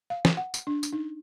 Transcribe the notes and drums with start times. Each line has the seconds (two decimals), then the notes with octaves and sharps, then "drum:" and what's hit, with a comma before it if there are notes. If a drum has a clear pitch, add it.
0.10 F5
0.25 drum: snare
0.37 F#5
0.54 drum: tambourine
0.67 D4
0.83 drum: tambourine
0.93 D#4